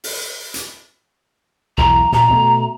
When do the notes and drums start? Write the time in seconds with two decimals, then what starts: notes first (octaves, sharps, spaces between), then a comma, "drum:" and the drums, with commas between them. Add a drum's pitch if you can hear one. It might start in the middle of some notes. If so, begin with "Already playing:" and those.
0.04 drum: open hi-hat
0.54 drum: hi-hat
1.77 B1 E2 A#5
2.12 A#2 A#5, drum: snare
2.29 B2 A3